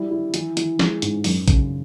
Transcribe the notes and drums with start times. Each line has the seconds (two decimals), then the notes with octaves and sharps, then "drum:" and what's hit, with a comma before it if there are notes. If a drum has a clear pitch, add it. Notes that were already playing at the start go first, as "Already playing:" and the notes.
Already playing: G3 E4
0.11 E4
0.34 E3, drum: hi-hat
0.57 E3, drum: hi-hat
0.79 G#3, drum: snare
1.02 G#2, drum: hi-hat
1.24 F#2, drum: open hi-hat
1.48 C#3, drum: kick A#1, hi-hat